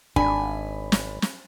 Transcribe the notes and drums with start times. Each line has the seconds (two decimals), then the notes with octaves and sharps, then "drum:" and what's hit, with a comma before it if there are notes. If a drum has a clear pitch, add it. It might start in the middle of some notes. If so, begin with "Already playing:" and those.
0.16 G#1 D4 G#5 B5, drum: kick
0.92 drum: snare
1.22 drum: snare